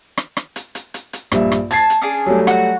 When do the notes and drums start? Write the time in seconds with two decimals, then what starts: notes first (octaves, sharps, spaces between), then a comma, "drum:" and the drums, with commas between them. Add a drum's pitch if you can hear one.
0.17 drum: rim click
0.37 drum: rim click
0.56 drum: hi-hat
0.75 drum: hi-hat
0.94 drum: hi-hat
1.13 drum: hi-hat
1.32 A#1 G2 E5, drum: rim click
1.52 drum: rim click
1.71 A5 G#6 A6 C7, drum: hi-hat
1.90 drum: hi-hat
2.02 C#4 D4 G#4
2.26 F#3 G3 A3
2.47 F#4 F#5, drum: rim click